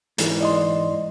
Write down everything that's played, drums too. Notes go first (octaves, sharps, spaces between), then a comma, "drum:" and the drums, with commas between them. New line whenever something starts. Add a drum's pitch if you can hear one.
G#2 E3, drum: hi-hat
D5 D#5 C6